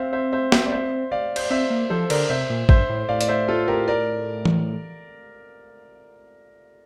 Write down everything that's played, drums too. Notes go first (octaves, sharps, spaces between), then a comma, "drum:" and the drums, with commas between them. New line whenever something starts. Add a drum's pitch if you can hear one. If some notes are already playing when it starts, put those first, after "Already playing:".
Already playing: C4 C5 E5 F5
C5 E5
C5 E5
C5 E5, drum: snare
D5
C5 E5
D5 F5
C5, drum: cymbal
D5
C4 C5 E5
A#3
F3 A4 C5
D3 A#4 D5, drum: cymbal
C3 C5 E5
A#2
G2 C5 E5, drum: kick A1
A2
A2 D5 F5
D5, drum: hi-hat
C5 E5
F4 A4
G4 A#4
A#4 D5
drum: tom E3